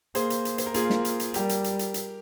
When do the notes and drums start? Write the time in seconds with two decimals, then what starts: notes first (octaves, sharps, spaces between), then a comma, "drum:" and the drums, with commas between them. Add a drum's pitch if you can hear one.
0.15 A#3 G#4 C5, drum: hi-hat
0.30 drum: hi-hat
0.45 drum: hi-hat
0.58 C5, drum: hi-hat
0.66 A#4
0.74 A#3 F4 G#4, drum: hi-hat
0.90 drum: snare
1.05 drum: hi-hat
1.20 drum: hi-hat
1.34 G3 G4 A#4, drum: hi-hat
1.49 drum: hi-hat
1.64 drum: hi-hat
1.79 drum: hi-hat
1.94 drum: hi-hat